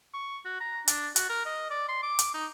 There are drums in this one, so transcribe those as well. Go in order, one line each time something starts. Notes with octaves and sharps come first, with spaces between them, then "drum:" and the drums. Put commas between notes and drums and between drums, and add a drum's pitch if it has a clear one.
C#6
F#4
A#5
D4, drum: hi-hat
F#4, drum: hi-hat
A#4
D#5
D5
C6
D6
drum: hi-hat
D#4